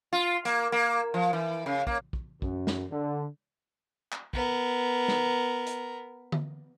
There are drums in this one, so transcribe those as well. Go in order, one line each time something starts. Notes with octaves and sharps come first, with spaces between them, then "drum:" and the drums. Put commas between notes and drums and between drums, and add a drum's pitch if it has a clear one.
F4
A#3, drum: hi-hat
A#3
F3
E3
C#3
A#3, drum: kick
drum: kick
F#2, drum: kick
drum: snare
D3
drum: clap
B3 A#4, drum: kick
drum: snare
drum: hi-hat
drum: tom D3